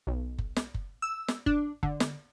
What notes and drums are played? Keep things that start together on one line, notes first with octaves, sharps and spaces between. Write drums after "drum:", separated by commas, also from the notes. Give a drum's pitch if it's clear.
B1
drum: kick F#1
drum: snare
drum: kick F#1
E6
drum: snare
D4, drum: kick F#1
D3, drum: kick F#1
drum: snare